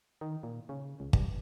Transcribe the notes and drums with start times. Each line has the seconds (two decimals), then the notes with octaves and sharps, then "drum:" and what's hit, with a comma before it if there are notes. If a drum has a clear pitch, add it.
0.21 D#3
0.43 A#2
0.69 C#3
1.00 C#2
1.13 G2, drum: kick